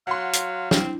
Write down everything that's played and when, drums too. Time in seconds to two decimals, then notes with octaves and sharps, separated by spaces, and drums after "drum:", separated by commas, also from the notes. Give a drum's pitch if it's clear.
0.07 F#3 F5 F#5 C6
0.33 drum: hi-hat
0.71 C4 D4 E4, drum: snare